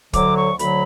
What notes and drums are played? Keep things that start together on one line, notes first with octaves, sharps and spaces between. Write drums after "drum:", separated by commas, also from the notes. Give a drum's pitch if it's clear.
D2 D3 F#3 D6, drum: kick, hi-hat
C#6
D2 D3 F#3 B5, drum: hi-hat